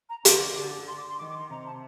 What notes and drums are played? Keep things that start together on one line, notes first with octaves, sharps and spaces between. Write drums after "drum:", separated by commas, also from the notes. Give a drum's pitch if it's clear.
A#5
D3 D6, drum: hi-hat
D6
D3 D6
C6
D6
C6
D#3 D6
D6
C6
C3 A#5
A5